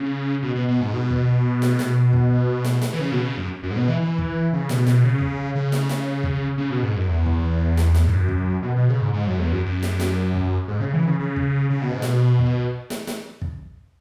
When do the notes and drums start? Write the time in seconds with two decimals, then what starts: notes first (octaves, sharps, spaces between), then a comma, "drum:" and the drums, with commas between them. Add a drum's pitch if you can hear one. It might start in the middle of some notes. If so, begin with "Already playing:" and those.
Already playing: C#3
0.42 B2
0.56 B2
0.68 B2
0.81 G#2
0.93 B2
1.11 drum: kick
1.62 drum: snare
1.79 drum: snare
2.13 drum: kick
2.64 drum: snare
2.82 drum: snare
2.93 E3
2.99 C#3
3.12 B2
3.24 C#3
3.37 F#2
3.63 F#2
3.71 G#2
3.76 B2
3.88 E3
4.02 E3
4.18 drum: kick
4.53 C#3
4.69 B2, drum: snare
4.87 B2, drum: snare
5.04 C#3
5.21 drum: kick
5.55 C#3
5.72 drum: snare
5.89 drum: snare
6.23 drum: kick
6.58 C#3
6.70 B2
6.83 G#2
6.96 F#2
7.09 E2
7.26 drum: kick
7.77 drum: snare
7.94 drum: snare
8.07 G#2
8.11 F#2
8.29 drum: kick
8.63 B2
8.76 B2
8.89 C#3
9.02 G#2
9.14 G#2
9.27 F#2
9.39 E2
9.52 F#2
9.66 F#2
9.83 drum: snare
10.00 drum: snare
10.34 drum: kick
10.68 G#2
10.80 C#3
10.93 E3
11.07 C#3
11.20 C#3
11.36 drum: kick
11.70 C#3
11.82 B2
11.92 G#2
12.02 B2, drum: snare
12.39 drum: kick
12.90 drum: snare
13.07 drum: snare
13.42 drum: kick